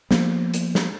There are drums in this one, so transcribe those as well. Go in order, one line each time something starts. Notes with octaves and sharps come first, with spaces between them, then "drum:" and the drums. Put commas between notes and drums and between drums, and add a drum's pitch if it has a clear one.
F3 A#3 B3, drum: snare
drum: hi-hat
drum: snare